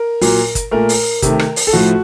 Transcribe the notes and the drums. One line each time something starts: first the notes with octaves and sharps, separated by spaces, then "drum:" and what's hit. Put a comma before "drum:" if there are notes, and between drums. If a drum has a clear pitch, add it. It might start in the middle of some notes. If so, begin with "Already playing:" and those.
Already playing: A#4
A#2 F#3 A#3, drum: open hi-hat
drum: kick G1, hi-hat
A#2 A3 A#4
drum: open hi-hat
C3 D#3 A3, drum: kick G1, hi-hat
drum: rim click
drum: open hi-hat
A4
A2 F3 A3 F#4